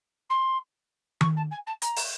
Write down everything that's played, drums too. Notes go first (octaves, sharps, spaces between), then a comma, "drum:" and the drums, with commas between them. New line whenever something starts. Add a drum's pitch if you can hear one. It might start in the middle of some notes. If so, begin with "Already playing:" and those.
C6
C#6, drum: tom D#3
A5
G#5
A5
A#5, drum: hi-hat
drum: open hi-hat